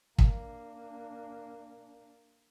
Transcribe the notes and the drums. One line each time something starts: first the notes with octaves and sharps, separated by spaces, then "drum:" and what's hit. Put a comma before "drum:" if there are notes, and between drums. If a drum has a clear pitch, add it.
A#3 D4, drum: kick